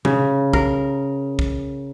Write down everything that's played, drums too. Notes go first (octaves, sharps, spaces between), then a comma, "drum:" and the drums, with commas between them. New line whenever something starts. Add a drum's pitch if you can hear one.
C#3, drum: tom C3
A#4, drum: kick
drum: kick